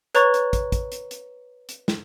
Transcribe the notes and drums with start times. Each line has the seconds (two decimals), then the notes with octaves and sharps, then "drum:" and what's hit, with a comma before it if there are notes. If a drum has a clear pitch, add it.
0.15 B4 C#5 A#5 C#6 A6, drum: hi-hat
0.34 drum: hi-hat
0.53 drum: kick, hi-hat
0.72 drum: kick, hi-hat
0.92 drum: hi-hat
1.11 drum: hi-hat
1.69 drum: hi-hat
1.88 drum: snare